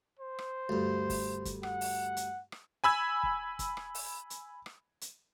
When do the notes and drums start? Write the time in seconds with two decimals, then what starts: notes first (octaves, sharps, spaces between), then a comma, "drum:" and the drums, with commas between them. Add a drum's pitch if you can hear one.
0.19 C5
0.39 drum: rim click
0.69 D2 G2
1.10 drum: kick, open hi-hat
1.45 drum: kick, hi-hat
1.63 F#5, drum: rim click
1.81 drum: open hi-hat
2.17 drum: hi-hat
2.52 drum: rim click
2.84 G#5 B5 E6 G#6
3.23 drum: kick
3.59 drum: kick, hi-hat
3.77 drum: rim click
3.95 drum: open hi-hat
4.30 drum: hi-hat
4.66 drum: rim click
5.01 drum: hi-hat